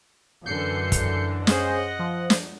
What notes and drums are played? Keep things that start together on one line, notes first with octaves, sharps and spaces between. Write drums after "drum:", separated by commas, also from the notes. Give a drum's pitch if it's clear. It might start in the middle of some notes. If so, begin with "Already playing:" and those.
F#2 D3 E3 G6 C7 C#7
drum: kick, hi-hat
C#4 G#4 C5 D#5 F#5, drum: snare
F3
drum: snare